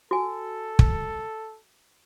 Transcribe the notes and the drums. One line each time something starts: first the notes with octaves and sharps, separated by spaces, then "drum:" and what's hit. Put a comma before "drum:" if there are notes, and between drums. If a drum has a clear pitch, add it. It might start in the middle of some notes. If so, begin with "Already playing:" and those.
F#4 A4 G#5
drum: kick